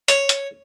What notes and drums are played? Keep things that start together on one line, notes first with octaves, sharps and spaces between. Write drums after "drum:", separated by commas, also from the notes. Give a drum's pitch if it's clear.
C#5, drum: hi-hat
drum: hi-hat